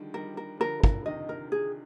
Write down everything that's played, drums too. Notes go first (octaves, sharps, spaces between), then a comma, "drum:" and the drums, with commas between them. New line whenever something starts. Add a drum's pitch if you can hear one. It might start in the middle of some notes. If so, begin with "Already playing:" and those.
Already playing: D3 D#3 F3 G3 G#3
D#3 G3 A#4
A#4
D3 F3 A#4
A#4, drum: kick
C3 D#3 D#5
A#4
G#4